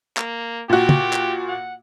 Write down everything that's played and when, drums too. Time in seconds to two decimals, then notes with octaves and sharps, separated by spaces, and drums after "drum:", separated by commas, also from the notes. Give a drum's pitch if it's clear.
0.17 A#3, drum: clap
0.69 A#2 F#4 G4
0.89 drum: tom
1.13 drum: clap
1.47 F#5